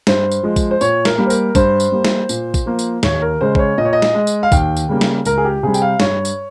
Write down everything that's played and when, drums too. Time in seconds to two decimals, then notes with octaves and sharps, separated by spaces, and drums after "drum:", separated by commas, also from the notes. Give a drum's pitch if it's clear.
0.07 G2 C5, drum: snare
0.31 drum: tambourine
0.43 F3 G#3
0.56 drum: kick A1, tambourine
0.71 C5
0.81 A#2 C#5, drum: tambourine
1.05 A#4, drum: snare
1.18 G3 A#3
1.26 C5
1.30 A#4, drum: tambourine
1.55 G2 C5, drum: kick A1, tambourine
1.80 drum: tambourine
1.92 G3 A#3
2.05 drum: snare
2.29 A#2, drum: tambourine
2.54 drum: kick A1, tambourine
2.66 F3 A#3
2.79 drum: tambourine
3.03 D#2 C#5, drum: snare
3.22 A#4
3.41 C#3 G#3 C5
3.55 C5, drum: kick A1
3.59 C#5
3.78 A#2 D#5
3.85 C#5
3.93 D#5
4.02 drum: snare
4.15 G#3
4.27 drum: tambourine
4.43 F5
4.52 D#2 G5, drum: kick A1, tambourine
4.77 drum: tambourine
4.89 C#3 G3 A#3
5.01 drum: snare
5.25 C#2 A#4, drum: tambourine
5.38 G#4
5.45 G4
5.63 C3 G3 G#4
5.74 G5, drum: tambourine
5.82 F5
6.00 G2 C#5, drum: snare
6.25 drum: tambourine